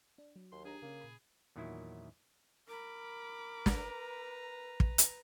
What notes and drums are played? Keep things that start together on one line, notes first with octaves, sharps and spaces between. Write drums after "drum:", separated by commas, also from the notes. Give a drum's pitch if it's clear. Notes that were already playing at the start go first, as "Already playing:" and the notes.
D4
F#3
D#2 C6
D4 G4 G#4 A#5
C#3 A#3 C#4
A#2 B5
E2 A#2 D#3 F#3 E4
A#4 B5 D6
B4 A#5, drum: snare
drum: kick
drum: hi-hat